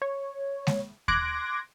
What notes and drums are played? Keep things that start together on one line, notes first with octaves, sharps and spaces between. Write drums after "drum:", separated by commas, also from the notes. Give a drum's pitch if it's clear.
C#5
drum: snare G#3
C6 D6 F#6 G#6 A#6 D7, drum: kick D#2